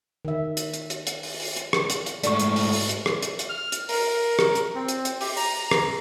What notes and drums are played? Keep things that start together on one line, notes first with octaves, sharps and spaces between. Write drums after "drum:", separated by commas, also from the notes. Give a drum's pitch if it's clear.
D#3 E5
drum: hi-hat
drum: hi-hat
drum: hi-hat
drum: hi-hat
drum: open hi-hat
drum: open hi-hat
drum: hi-hat
drum: rim click
drum: hi-hat
drum: hi-hat
G#2 A3 D5 C#6, drum: hi-hat
drum: hi-hat
drum: open hi-hat
drum: open hi-hat
drum: hi-hat
drum: rim click
drum: hi-hat
drum: hi-hat
F6
drum: hi-hat
A#4, drum: open hi-hat
drum: rim click
drum: hi-hat
C4
drum: hi-hat
drum: hi-hat
G4, drum: open hi-hat
A#5, drum: open hi-hat
A#5
drum: rim click